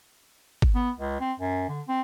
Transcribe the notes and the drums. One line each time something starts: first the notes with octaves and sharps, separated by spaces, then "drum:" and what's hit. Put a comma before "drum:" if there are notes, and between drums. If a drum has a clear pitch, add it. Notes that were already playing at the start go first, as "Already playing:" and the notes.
drum: kick G1
B3
C#2
C4
F#2
D3
C4